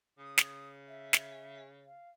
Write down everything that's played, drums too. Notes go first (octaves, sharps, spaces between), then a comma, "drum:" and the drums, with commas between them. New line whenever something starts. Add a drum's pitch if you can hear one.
C#3 D#6
drum: snare
E5
drum: snare
F5